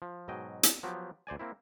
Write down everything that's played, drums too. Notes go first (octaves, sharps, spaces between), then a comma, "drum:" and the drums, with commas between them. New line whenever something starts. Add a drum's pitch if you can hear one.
F3
G#2 B2 F#3 D#5 G5
drum: hi-hat
F3 F#3 B3 G4
D2 C5 D5 G#5
A#3 C4 E4